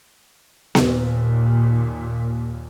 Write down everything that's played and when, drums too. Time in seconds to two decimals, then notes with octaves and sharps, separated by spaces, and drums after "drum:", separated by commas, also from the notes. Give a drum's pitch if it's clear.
0.75 D#2 A#2, drum: snare B3